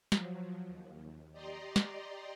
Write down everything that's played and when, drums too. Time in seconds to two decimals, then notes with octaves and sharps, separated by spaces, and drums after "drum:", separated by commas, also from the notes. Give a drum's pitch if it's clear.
0.12 F3 F#3, drum: snare
0.68 D#2
1.32 G4 D5 D#5 A#5 C6
1.76 drum: snare